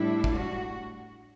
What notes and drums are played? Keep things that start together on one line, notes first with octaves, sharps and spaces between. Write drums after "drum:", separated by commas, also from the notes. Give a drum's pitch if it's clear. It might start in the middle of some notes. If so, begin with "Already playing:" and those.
Already playing: A2 G3 D4 E4
drum: kick
F#4